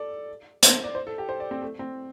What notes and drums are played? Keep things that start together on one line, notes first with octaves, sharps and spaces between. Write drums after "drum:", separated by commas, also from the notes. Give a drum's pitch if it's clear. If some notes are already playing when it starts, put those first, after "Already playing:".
Already playing: A4 D5
C5, drum: hi-hat
D5
C5
A4
G4
C5
D5
C4
A3
C4